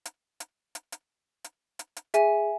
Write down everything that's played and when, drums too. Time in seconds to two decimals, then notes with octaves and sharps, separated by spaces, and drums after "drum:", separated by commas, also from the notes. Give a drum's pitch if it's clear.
0.05 drum: hi-hat
0.40 drum: hi-hat
0.75 drum: hi-hat
0.92 drum: hi-hat
1.44 drum: hi-hat
1.79 drum: hi-hat
1.97 drum: hi-hat
2.14 G#4 E5 G#5, drum: hi-hat